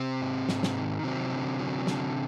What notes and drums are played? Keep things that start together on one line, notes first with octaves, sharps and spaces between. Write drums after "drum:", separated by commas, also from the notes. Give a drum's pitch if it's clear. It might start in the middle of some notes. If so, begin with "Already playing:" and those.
Already playing: C3 C4
G#2
G#2, drum: snare
drum: snare
D#3
C3 F#3 C4
D3
F#3
D3, drum: snare